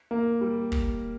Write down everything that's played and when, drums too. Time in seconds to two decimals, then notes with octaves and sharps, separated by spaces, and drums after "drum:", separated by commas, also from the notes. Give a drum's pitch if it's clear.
0.11 A#3
0.41 G3
0.72 drum: kick